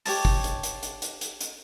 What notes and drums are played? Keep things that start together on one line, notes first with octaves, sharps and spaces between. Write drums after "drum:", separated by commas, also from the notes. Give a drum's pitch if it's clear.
G4 C#5 A5, drum: open hi-hat
drum: kick
drum: hi-hat
drum: hi-hat
drum: hi-hat
drum: hi-hat
drum: hi-hat
drum: hi-hat